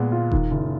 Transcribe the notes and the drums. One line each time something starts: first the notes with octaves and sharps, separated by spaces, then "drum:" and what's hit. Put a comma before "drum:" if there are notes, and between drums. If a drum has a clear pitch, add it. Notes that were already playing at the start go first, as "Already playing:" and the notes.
Already playing: A#2 G#3 B3
F4
D#3, drum: kick E1
F#1